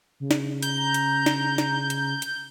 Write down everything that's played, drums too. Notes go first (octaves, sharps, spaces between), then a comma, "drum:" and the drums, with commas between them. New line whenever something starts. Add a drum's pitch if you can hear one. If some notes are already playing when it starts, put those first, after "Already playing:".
C#3
drum: snare
A#5 G6, drum: hi-hat
drum: hi-hat
drum: snare
drum: snare
drum: hi-hat
drum: hi-hat